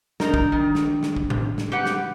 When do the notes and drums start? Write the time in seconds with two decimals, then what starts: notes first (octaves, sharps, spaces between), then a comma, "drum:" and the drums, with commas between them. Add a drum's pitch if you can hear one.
0.20 D4 D#4 A#4, drum: snare
0.34 drum: kick
0.52 D#3
0.75 drum: snare
1.03 drum: snare
1.16 drum: kick
1.30 drum: tom A2
1.58 drum: snare
1.72 G4 B4 F#5
1.85 drum: snare